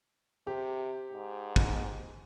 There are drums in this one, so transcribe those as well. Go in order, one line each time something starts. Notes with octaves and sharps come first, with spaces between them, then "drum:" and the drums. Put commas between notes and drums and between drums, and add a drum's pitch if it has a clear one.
C3 G4
G#2
drum: kick